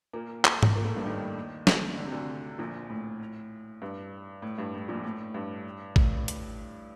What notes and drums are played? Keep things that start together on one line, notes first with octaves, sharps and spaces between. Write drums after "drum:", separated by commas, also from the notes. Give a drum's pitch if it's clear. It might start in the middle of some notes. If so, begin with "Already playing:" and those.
A#2 A#3
drum: clap
drum: tom G#2
A#2 A#3
A2 A3
G2 G3
D#2 D#3
D#2 D#3, drum: snare
D3
C3
D2 D3
A#1 A#2
A2
G2
A2
G2
A2
A#1 A#2
A2
G2
A2, drum: kick
drum: hi-hat